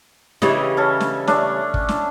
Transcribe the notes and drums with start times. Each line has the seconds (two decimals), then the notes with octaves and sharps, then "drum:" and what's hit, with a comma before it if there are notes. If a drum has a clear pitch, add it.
0.42 C#3 E3 G3 D#5, drum: snare
0.77 C#4 A4
1.00 drum: snare
1.27 A3 C#4 D4, drum: snare
1.74 drum: kick
1.89 drum: snare